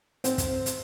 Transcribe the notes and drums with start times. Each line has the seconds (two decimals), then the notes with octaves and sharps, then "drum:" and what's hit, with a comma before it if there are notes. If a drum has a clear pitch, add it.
0.24 C4, drum: hi-hat
0.38 drum: kick, hi-hat
0.66 drum: hi-hat